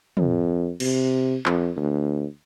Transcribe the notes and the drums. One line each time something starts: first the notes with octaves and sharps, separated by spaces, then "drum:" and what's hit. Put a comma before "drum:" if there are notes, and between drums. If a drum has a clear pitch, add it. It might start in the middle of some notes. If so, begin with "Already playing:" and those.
F2, drum: tom
C3, drum: cymbal
F2, drum: clap
D2